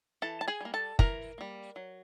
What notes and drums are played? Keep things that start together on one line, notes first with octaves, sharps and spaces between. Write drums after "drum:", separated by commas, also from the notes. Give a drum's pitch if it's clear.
E3 A4 A5
A5
G#4 G#5
G3 A#3
A4 A5
E3 A#4 A#5, drum: kick
G3 A#3
F#3